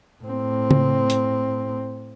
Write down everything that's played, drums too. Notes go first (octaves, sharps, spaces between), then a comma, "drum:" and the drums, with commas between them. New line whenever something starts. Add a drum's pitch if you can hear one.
A2 C4
drum: tom C#3
drum: hi-hat